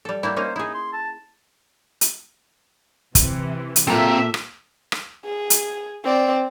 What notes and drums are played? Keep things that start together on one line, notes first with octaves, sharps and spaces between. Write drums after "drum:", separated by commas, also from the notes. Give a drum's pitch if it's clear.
G3 A4
G3 A#3 E4 G4
A#3 C#4 D#4 C5
D#4 E4 G#4
C6
A5
drum: hi-hat
C3 E3, drum: kick, hi-hat
drum: hi-hat
A#2 A#3 C4 A4 E5 A#5
drum: rim click
drum: rim click
G#4
drum: hi-hat
C4 D5